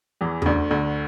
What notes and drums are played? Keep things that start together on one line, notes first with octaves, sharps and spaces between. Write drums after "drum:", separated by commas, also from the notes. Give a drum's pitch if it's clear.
E2 E3
C#3, drum: tom E2
D2 D3
D2 D3